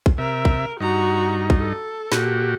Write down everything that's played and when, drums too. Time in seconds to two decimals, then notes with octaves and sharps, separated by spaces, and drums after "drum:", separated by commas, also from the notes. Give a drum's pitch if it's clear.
0.06 drum: kick
0.18 C3 A#4 E5
0.45 drum: kick
0.80 G2 D#4 F#4 A#5
1.50 drum: kick
1.60 A4
2.12 A#2 F#4 G4, drum: snare